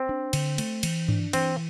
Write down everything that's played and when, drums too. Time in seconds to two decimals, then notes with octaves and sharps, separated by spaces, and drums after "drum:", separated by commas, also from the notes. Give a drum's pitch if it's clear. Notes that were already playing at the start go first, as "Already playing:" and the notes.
Already playing: C4
0.09 D4
0.33 D3, drum: cymbal
0.58 A3, drum: cymbal
0.83 E3, drum: cymbal
1.08 D4, drum: tom G2
1.33 E3 C4, drum: cymbal